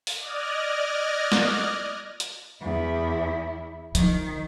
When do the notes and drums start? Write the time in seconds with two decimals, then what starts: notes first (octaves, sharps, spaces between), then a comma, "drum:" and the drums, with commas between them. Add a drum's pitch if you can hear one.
0.07 drum: open hi-hat
0.20 D5 D#5 F6 F#6 G#6 A#6
1.32 drum: snare
2.20 drum: hi-hat
2.62 E2 E4
3.95 D#3 F3, drum: hi-hat